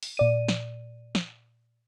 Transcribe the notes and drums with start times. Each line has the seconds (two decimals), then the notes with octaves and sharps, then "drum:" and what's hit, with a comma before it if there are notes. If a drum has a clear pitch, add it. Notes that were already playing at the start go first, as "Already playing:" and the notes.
0.03 drum: open hi-hat
0.17 A#2 D5 D#7
0.48 drum: snare
1.15 drum: snare